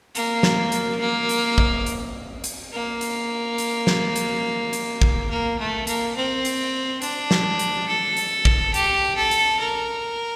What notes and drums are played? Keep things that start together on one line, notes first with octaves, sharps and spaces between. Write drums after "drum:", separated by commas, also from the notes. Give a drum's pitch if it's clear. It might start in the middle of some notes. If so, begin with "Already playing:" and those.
A#3, drum: hi-hat
drum: snare
drum: hi-hat
A#3
drum: hi-hat
drum: kick
drum: hi-hat
drum: hi-hat
A#3
drum: hi-hat
drum: hi-hat
drum: snare
drum: hi-hat
drum: hi-hat
drum: kick
A#3
A3
A#3, drum: hi-hat
C4
drum: hi-hat
D4, drum: hi-hat
drum: snare
drum: hi-hat
A4
drum: hi-hat
drum: kick
G4, drum: hi-hat
A4
drum: hi-hat
A#4